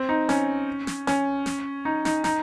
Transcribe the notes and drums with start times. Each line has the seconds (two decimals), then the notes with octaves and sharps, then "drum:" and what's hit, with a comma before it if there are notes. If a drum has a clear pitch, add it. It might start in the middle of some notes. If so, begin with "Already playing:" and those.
Already playing: C4
0.09 D#4
0.29 C#4, drum: snare
0.87 drum: snare
1.07 C#4, drum: snare
1.46 drum: snare
1.85 D#4
2.05 D#4, drum: snare
2.24 D#4, drum: snare